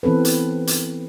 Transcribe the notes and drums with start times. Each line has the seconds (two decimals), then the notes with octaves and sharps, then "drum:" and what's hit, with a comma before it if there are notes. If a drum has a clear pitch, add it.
0.03 E3 B3 C4 A4 B4
0.25 drum: hi-hat
0.67 drum: hi-hat